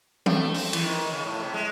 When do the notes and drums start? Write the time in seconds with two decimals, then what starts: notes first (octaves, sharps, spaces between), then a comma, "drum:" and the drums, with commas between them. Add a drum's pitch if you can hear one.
0.26 A3, drum: tom E3
0.54 C4, drum: open hi-hat
0.73 E3, drum: cymbal
0.83 D#3
1.11 C#3
1.25 A2
1.40 C3
1.54 G#3